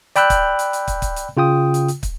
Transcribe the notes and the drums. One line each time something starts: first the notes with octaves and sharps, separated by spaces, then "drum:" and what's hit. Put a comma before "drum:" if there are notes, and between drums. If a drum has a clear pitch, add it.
D5 G5 B5 E6 F#6 G6, drum: hi-hat
drum: kick, hi-hat
drum: hi-hat
drum: hi-hat
drum: kick, hi-hat
drum: kick, hi-hat
drum: hi-hat
C#3 F4 G5 D#6
drum: hi-hat
drum: hi-hat
drum: kick, hi-hat